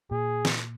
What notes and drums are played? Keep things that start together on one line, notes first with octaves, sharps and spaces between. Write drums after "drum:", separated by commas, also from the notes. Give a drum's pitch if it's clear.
A#2 G#4
drum: snare